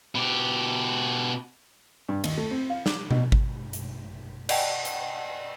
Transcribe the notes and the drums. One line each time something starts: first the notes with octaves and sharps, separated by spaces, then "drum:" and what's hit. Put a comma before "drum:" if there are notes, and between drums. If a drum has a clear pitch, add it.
B2 G4
G2
D#2, drum: cymbal
A3
C4
F5
D6, drum: snare
B2, drum: tom B2
drum: kick G#1
drum: hi-hat
D5 D#5 F#5 G5 A5, drum: cymbal
drum: hi-hat